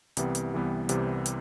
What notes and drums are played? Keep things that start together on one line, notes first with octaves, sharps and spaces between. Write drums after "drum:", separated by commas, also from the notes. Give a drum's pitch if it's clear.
C2 C3 E3 G3 B3, drum: hi-hat
drum: hi-hat
C2 C3 E3 G3 B3
C2 C3 E3 G3 B3, drum: hi-hat
drum: hi-hat